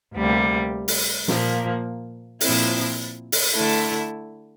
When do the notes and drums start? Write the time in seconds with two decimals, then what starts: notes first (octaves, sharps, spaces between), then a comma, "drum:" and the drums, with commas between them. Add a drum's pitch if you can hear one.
0.15 D2 C3 G3 A#3
0.88 drum: open hi-hat
1.28 A#2 F3 A#3, drum: snare
2.41 A#2 F3 C4 E4, drum: open hi-hat
3.32 drum: open hi-hat
3.54 D3 A3 E4